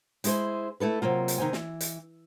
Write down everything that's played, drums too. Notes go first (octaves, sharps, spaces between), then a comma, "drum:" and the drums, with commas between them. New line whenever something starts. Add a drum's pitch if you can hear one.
G#3 E4 G#4 C5, drum: hi-hat
A3 E4 A4 B4
C3 F#3 A#3 F4
drum: hi-hat
C3 D#3 A#3 C5 G#5
E3, drum: snare
drum: hi-hat